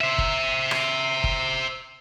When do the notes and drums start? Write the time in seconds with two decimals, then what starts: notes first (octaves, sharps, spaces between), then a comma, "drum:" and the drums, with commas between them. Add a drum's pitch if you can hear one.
0.01 C5 E5
0.18 drum: kick
0.71 drum: rim click
1.24 drum: kick